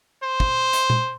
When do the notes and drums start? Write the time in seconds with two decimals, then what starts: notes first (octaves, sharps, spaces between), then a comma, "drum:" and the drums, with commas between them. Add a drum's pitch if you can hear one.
0.23 C5
0.40 drum: kick
0.73 drum: hi-hat
0.90 drum: tom A#2